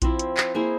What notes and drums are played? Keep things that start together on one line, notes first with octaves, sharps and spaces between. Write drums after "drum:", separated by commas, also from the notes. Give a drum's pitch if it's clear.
F3 C4 E4, drum: kick A#1, hi-hat
drum: hi-hat
drum: clap
A#3 E4 G#4 C5